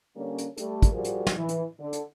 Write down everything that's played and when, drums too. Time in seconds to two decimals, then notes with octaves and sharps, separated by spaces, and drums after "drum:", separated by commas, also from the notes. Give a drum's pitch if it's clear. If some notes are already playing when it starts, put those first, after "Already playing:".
0.16 D3 G3 A#3 C#4
0.38 drum: hi-hat
0.57 G3 A3 A4, drum: hi-hat
0.82 drum: kick, hi-hat
0.92 F3 G3 F#4 G#4 A#4
1.04 drum: hi-hat
1.27 drum: snare
1.36 E3
1.49 drum: hi-hat
1.79 D3
1.93 drum: hi-hat